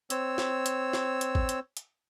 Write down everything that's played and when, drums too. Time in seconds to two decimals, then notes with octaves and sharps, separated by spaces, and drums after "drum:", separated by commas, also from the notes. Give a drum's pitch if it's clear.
0.10 C4 C#5 E6, drum: hi-hat
0.38 drum: snare
0.66 drum: hi-hat
0.93 drum: snare
1.21 drum: hi-hat
1.35 drum: kick
1.49 drum: hi-hat
1.77 drum: hi-hat